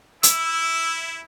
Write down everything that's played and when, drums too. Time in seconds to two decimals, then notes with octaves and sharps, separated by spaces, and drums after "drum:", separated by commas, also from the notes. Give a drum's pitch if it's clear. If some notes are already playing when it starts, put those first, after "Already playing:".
0.23 E4 E6, drum: hi-hat